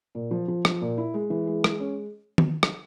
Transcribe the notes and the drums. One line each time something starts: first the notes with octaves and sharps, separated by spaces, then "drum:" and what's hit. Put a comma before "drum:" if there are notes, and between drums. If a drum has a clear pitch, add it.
A#2
F3
F3
F3, drum: rim click
A#2
E4
G#3
E3
G#3
G#3, drum: rim click
C#4
drum: tom D#3
drum: rim click